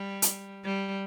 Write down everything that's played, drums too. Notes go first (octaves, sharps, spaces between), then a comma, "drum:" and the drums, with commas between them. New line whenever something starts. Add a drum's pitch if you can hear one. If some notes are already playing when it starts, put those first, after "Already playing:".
Already playing: G3
drum: hi-hat
G3